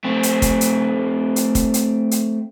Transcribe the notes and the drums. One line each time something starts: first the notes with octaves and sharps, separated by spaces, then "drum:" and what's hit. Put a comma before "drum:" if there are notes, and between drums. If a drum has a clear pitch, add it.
A3 C4
drum: hi-hat
drum: kick, hi-hat
drum: hi-hat
drum: hi-hat
drum: kick, hi-hat
drum: hi-hat
drum: hi-hat